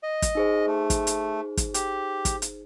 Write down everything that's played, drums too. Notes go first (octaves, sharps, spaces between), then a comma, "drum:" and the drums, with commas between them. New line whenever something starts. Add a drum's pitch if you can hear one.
D#5
drum: kick, hi-hat
D#4 G#4 C5
A3
drum: kick, hi-hat
drum: hi-hat
drum: kick, hi-hat
G4, drum: hi-hat
drum: kick, hi-hat
drum: hi-hat